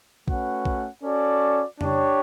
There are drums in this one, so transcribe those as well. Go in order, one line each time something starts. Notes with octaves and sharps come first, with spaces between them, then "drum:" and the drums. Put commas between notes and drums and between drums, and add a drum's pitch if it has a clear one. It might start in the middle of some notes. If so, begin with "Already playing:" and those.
A3 C#4 F#4 B4 F#5, drum: kick
drum: kick
C#4 F#4 A4 D5
D4 G4 C#5, drum: tom